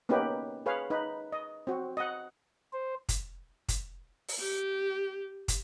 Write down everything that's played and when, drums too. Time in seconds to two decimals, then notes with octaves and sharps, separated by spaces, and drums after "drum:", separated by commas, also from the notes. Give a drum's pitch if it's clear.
0.09 A#3 B3 C#4 D#4 G4 B4
0.66 G#4 B4 C#5 F5
0.90 D#4 B4
1.32 D#5
1.67 C4 F#4
1.97 D#5 F#5
2.73 C5
3.09 drum: kick, hi-hat
3.69 drum: kick, hi-hat
4.28 drum: open hi-hat
4.39 G4
5.48 drum: kick, hi-hat